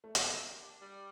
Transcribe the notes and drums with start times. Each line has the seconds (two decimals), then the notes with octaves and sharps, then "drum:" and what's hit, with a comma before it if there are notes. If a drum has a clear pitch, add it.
0.04 A3
0.15 E3 A#3, drum: hi-hat
0.38 G4
0.59 D4
0.81 G3